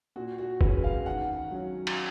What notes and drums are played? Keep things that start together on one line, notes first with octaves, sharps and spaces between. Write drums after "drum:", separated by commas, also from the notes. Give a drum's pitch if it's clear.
A#2 F#4
F#4
G#3 C#4 B4, drum: kick
F5
D#3 F#5
F#3 C#4
drum: cymbal